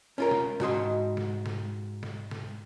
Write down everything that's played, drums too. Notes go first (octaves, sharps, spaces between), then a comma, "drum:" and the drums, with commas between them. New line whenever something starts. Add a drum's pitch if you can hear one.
C#4 F4 A#4
drum: snare
G#2 F#4 D#5 C6, drum: snare
drum: snare
drum: snare
drum: snare
drum: snare